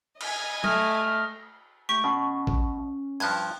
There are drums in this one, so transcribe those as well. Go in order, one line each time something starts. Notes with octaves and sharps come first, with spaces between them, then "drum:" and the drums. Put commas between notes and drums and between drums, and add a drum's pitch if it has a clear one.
D#5 G#5, drum: cymbal
A3 D#6 F6 A#6, drum: tom
A3 G4 C#6
B2 C#4
drum: kick A#1
G2 F3 F#6 G#6, drum: open hi-hat